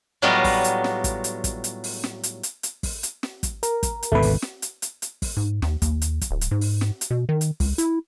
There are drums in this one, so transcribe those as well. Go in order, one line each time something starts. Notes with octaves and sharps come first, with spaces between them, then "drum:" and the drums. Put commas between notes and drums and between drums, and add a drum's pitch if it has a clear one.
A2 F#3 G3 B3 F4 D#5
drum: kick, open hi-hat
drum: hi-hat
drum: snare
drum: kick, hi-hat
drum: hi-hat
drum: kick, hi-hat
drum: hi-hat
drum: open hi-hat
drum: snare
drum: hi-hat
drum: hi-hat
drum: hi-hat
drum: kick, open hi-hat
drum: hi-hat
drum: snare
drum: kick, hi-hat
A#4, drum: hi-hat
drum: kick, hi-hat
drum: hi-hat
G#1 D2 B2 A3 B4
drum: open hi-hat
drum: snare
drum: hi-hat
drum: hi-hat
drum: hi-hat
drum: kick, open hi-hat
G#2
D#2, drum: snare
D#2, drum: kick, hi-hat
drum: hi-hat
drum: kick, hi-hat
D1
drum: hi-hat
G#2
drum: open hi-hat
drum: snare
drum: hi-hat
B2
D#3
drum: hi-hat
C#2, drum: kick, open hi-hat
E4, drum: hi-hat